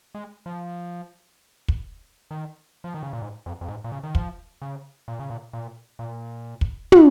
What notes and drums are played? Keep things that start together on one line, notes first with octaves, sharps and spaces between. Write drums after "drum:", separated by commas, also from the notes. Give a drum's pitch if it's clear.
G#3
F3
drum: kick
D#3
F3
D#3
C#3
A#2
G#2
F2
F2
G#2
A#2
C#3
D#3
F3, drum: kick
C#3
A#2
C#3
A#2
A#2
A#2
drum: kick
drum: tom